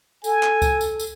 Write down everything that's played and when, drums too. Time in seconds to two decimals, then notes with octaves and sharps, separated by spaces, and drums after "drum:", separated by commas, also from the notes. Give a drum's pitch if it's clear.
0.24 A4 G#5, drum: tambourine
0.43 drum: clap
0.62 drum: kick C#2, tambourine
0.81 drum: tambourine
1.00 drum: tambourine